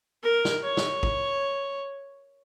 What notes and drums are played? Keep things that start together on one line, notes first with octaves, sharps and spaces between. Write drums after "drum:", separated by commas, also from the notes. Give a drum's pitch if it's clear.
A#4
drum: snare
C#5
drum: snare
drum: kick